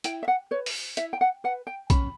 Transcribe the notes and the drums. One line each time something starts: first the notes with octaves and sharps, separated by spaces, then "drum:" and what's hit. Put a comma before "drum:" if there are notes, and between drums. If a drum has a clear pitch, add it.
E4 G5, drum: hi-hat
E5
F#5
B4 C#5
drum: open hi-hat
E4 E5, drum: hi-hat
G5
F#5
B4 F#5
G5
C#4 B5, drum: kick B1, hi-hat